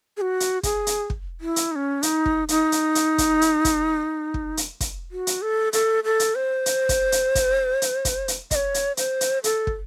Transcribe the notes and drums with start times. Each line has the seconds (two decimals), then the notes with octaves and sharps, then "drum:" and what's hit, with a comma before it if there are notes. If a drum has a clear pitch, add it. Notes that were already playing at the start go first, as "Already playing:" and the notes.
0.17 G#4
0.21 F#4
0.40 drum: hi-hat
0.63 G#4, drum: kick, hi-hat
0.87 drum: hi-hat
1.10 drum: kick
1.41 E4
1.56 drum: hi-hat
1.72 D#4
1.76 C#4
2.03 D#4, drum: hi-hat
2.26 drum: kick
2.49 D#4, drum: hi-hat
2.72 drum: hi-hat
2.95 drum: hi-hat
3.18 drum: kick, hi-hat
3.41 drum: hi-hat
3.65 drum: kick, hi-hat
4.34 drum: kick
4.57 drum: hi-hat
4.80 drum: kick, hi-hat
5.12 F#4
5.27 drum: hi-hat
5.42 A4
5.73 A4, drum: hi-hat
6.04 A4
6.19 drum: hi-hat
6.35 C5
6.66 drum: hi-hat
6.89 drum: kick, hi-hat
7.12 drum: hi-hat
7.35 drum: kick, hi-hat
7.82 drum: hi-hat
8.05 drum: kick, hi-hat
8.28 drum: hi-hat
8.51 D#5, drum: kick, hi-hat
8.55 C#5
8.74 drum: hi-hat
8.97 C5, drum: hi-hat
9.21 drum: hi-hat
9.44 A4, drum: hi-hat
9.67 drum: kick